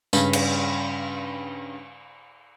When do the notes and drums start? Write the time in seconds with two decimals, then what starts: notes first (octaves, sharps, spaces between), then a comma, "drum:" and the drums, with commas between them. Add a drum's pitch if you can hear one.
0.13 G2 C#3, drum: tambourine
0.33 drum: cymbal